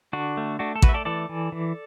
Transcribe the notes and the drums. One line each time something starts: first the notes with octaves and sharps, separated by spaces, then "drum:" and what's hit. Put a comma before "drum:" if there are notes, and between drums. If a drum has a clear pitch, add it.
D3 D4 F#4
A3
A3 D4 F#4
A4
A3 F#4 B4, drum: kick A1
E5
A4 D5
E3 A4 D5
E3
E3